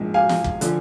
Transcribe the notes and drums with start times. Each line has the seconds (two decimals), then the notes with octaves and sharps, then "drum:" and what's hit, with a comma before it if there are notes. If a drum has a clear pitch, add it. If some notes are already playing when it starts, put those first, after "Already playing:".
Already playing: A#1 G#2 F3
0.14 F5 G#5
0.29 drum: snare
0.44 drum: kick
0.61 D3 F3, drum: hi-hat